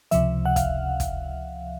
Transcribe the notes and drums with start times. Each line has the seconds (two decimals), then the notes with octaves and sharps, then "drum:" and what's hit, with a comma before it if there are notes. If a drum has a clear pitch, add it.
0.11 C#2 C3 F3 E5, drum: hi-hat
0.45 F#5
0.56 F5, drum: kick, hi-hat
1.00 drum: kick, hi-hat